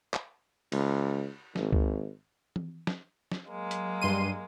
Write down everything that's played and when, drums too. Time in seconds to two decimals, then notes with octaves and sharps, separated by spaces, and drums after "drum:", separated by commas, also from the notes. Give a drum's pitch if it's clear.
0.13 drum: clap
0.72 C#2, drum: cymbal
1.56 G#1, drum: snare
1.72 drum: kick C#2
2.56 drum: tom E3
2.87 drum: snare
3.32 drum: snare
3.49 F#3 G#3 A#3
3.71 drum: hi-hat
4.01 G2 C6 D#7